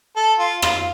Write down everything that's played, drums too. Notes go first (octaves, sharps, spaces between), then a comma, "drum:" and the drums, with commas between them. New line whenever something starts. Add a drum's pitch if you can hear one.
A4
F4
F4, drum: rim click